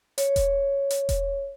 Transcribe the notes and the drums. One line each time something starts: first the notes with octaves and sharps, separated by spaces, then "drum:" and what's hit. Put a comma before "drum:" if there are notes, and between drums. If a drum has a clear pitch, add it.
C#5, drum: hi-hat
drum: kick E1, hi-hat
drum: hi-hat
drum: kick E1, hi-hat